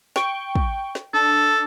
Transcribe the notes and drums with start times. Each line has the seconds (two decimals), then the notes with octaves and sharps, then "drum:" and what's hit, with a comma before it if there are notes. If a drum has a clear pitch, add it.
0.16 G5 C#6, drum: snare
0.55 drum: kick
0.95 drum: snare
1.14 D4 A4